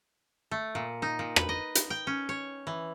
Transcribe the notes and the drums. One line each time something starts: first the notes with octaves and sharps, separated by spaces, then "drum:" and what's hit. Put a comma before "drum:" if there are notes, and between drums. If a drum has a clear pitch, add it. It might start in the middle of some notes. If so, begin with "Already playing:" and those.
A3
A#2
D#4
A#2
B4, drum: rim click
D#5
drum: hi-hat
G5
C#4
C#5
E3